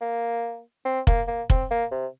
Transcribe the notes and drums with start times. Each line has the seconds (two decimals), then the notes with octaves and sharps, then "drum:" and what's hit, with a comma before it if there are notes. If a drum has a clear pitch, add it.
0.01 A#3
0.85 C4
1.07 A#3, drum: kick
1.28 A#3
1.50 C4, drum: kick
1.70 A#3
1.91 C3